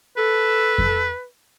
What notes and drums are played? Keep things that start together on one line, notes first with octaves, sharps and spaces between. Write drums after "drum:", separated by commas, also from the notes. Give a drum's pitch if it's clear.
A4 B4
drum: kick F2